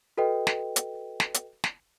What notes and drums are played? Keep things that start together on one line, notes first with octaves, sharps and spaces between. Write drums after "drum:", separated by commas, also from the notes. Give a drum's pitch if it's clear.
F#4 A4 B4 D#5 G5
drum: snare
drum: hi-hat
drum: snare
drum: hi-hat
drum: snare